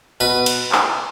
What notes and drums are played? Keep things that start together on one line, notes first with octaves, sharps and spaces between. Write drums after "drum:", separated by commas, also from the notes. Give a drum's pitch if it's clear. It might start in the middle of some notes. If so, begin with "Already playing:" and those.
B2 B4
drum: cymbal
drum: clap